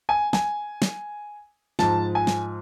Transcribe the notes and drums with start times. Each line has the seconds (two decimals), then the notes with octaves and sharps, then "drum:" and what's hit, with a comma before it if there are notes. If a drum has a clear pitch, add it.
0.09 G#5
0.33 G#5, drum: snare
0.82 drum: snare
1.79 G#2 F3 A5, drum: snare
2.15 G#5
2.27 drum: snare